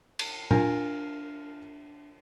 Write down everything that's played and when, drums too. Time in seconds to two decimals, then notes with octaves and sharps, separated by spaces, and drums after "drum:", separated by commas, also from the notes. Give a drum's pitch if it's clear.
0.19 drum: cymbal
0.51 D4 F4 A#4 G#5, drum: tom A#2